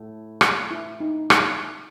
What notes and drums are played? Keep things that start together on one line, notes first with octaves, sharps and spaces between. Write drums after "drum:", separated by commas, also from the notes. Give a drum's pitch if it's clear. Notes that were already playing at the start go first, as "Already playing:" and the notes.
Already playing: A2
drum: rim click
E4
D#4
E4, drum: rim click